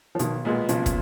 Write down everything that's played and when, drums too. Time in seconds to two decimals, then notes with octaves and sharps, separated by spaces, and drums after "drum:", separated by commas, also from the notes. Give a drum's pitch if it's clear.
0.15 F3
0.19 B1 B2 D#3, drum: hi-hat
0.45 A#2 G#3 B3
0.69 B1 C#3 F3, drum: hi-hat
0.86 drum: kick, hi-hat